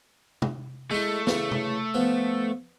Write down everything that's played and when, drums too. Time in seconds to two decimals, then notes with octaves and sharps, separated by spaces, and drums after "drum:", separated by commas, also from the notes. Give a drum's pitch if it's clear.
0.42 drum: tom
0.91 G#3 A3 E4
1.27 C#3 E3, drum: snare
1.51 drum: tom
1.94 F3 B3